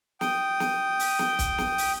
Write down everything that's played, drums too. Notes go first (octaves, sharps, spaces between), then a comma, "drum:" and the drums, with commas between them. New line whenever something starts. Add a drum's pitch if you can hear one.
G5 D#6, drum: snare
drum: snare
drum: open hi-hat
drum: snare
drum: kick, hi-hat
drum: snare
drum: open hi-hat